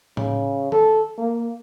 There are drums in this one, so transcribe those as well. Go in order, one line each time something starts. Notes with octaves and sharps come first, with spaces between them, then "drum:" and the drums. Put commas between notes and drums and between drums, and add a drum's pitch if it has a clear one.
C#3, drum: tom A2
A4, drum: tom D#3
A#3